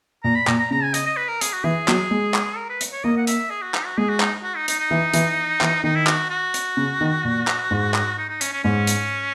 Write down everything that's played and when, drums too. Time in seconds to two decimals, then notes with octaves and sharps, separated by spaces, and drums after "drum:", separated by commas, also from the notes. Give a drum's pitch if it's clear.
0.24 A#2 A#5
0.35 B5
0.47 A#2 A#5, drum: clap
0.60 A#5
0.71 C#3 A#5
0.83 G#5
0.94 D#5, drum: hi-hat
1.06 D#5
1.17 B4
1.29 A#4
1.41 G#4, drum: hi-hat
1.53 F#4
1.64 E3 G#4
1.88 F#3, drum: clap
2.11 G#3
2.34 drum: clap
2.57 A#4
2.69 B4
2.81 drum: hi-hat
2.92 C#5
3.04 A#3 D#5
3.17 F#5
3.27 E5, drum: hi-hat
3.50 G#4
3.62 F#4
3.74 D#4, drum: clap
3.86 F#4
3.98 G#3 G#4
4.09 F#4
4.20 D#4, drum: clap
4.44 F#4
4.56 D#4
4.68 D#4, drum: hi-hat
4.79 D#4
4.91 E3
5.14 E3, drum: hi-hat
5.61 E3, drum: clap
5.84 D#3 D#4
5.95 E4
6.07 F#4, drum: clap
6.30 F#4
6.54 drum: hi-hat
6.77 C#3
7.01 D#3
7.25 A#2
7.47 drum: clap
7.71 G#2
7.94 drum: clap
8.18 D#4
8.29 D#4
8.41 C#4, drum: hi-hat
8.53 C#4
8.64 G#2 C#4
8.87 drum: hi-hat